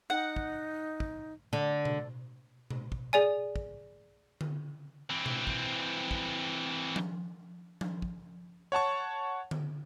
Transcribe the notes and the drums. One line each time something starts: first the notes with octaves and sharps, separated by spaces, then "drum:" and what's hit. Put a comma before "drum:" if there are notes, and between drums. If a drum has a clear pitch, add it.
D#4 F#5
drum: kick
drum: kick
D3
drum: tom B2
drum: tom B2
drum: kick
G#4 D5 G#5
drum: kick
drum: tom D3
E3 C4
drum: tom B2
drum: kick
drum: kick
drum: tom F3
drum: tom F3
drum: kick
C#5 F#5 A5 C#6
drum: tom D3